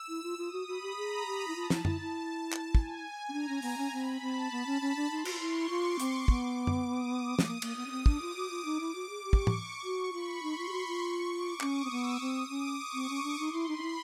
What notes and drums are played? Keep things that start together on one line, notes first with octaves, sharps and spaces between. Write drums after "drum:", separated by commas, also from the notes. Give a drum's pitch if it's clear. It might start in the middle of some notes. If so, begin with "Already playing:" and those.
Already playing: E6
E4
F4
F4 D#6
F#4
F#4 B5
G4
G#4 A#5
G4
E4
F4 A5
E4, drum: snare
E4, drum: tom F#2
E4
drum: clap
G#5, drum: kick
C#4
D4 A#5
C#4
B3, drum: open hi-hat
C#4
C4 B5
C4 A5
B3 A5
C#4
C#4 B5
D4
D#4 C6
F#4, drum: cymbal
F4
E4 C#6
F4 D6
C4, drum: hi-hat
B3, drum: kick
drum: tom F#2
D#6
A3, drum: snare
A#3 D#6
A#3, drum: cymbal
B3 D#6
C#4
C4
D4 D6, drum: kick
F4
F#4
F4
D#4
E4
F#4
G#4
G4 C#6
drum: kick
drum: tom
F#4 C#6
F4 B5
D#4 C6
F4
G4
F#4
F4
C#6
D6
C#4 D#6, drum: clap
C4
B3 E6
C4 D#6
C#4 D6
C#6
C4
C#4
D4
D#4 C6
E4
D#4 B5
D#4
E4